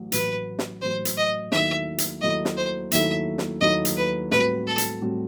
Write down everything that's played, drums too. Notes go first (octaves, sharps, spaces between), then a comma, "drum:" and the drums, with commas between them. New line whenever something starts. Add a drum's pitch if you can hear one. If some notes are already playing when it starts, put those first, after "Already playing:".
Already playing: A1 A2 F#3
A1 A2 F#3 B4, drum: hi-hat
drum: snare
A1 A2 F#3 C5
drum: hi-hat
D#5
D#2 D#3 F#3 A3 E4 E5, drum: snare
drum: hi-hat
D#2 D#3 F#3 A3 E4 D#5
drum: snare
C5
D#2 D#3 F#3 A3 E4 E5, drum: hi-hat
drum: snare
D#2 D#3 F#3 A3 E4 D#5
drum: hi-hat
B4
A2 G3 C4 F#4 B4, drum: snare
A4
drum: hi-hat
A2 G3 C4 F#4